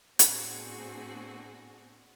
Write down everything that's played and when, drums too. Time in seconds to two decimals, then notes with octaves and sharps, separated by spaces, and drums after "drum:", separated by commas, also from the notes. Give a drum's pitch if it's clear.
0.19 A2 B3 C4 D4 F#4 G#4, drum: hi-hat